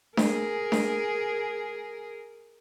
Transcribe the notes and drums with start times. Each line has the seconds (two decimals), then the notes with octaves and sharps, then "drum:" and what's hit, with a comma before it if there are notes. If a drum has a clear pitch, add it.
0.17 G#4 A#4, drum: snare D4
0.72 drum: snare D4